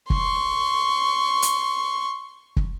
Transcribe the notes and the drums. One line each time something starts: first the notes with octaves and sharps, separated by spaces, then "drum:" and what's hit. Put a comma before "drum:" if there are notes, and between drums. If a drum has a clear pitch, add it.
C6 C#6, drum: kick
drum: hi-hat
drum: kick